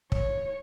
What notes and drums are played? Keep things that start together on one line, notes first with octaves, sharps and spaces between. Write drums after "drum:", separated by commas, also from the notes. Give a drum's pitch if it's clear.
C#5, drum: kick